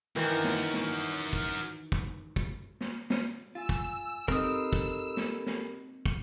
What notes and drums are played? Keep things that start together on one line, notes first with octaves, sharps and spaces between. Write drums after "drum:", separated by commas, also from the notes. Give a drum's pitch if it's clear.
D#3 E3 F#4 A#4
drum: snare
drum: snare
drum: kick
drum: kick
drum: kick
drum: snare
drum: snare
F4 F5 G#5 E6
drum: kick
C4 D#4 G4 A4 A#4 B5 D#6, drum: kick
drum: kick
drum: snare
drum: snare
drum: kick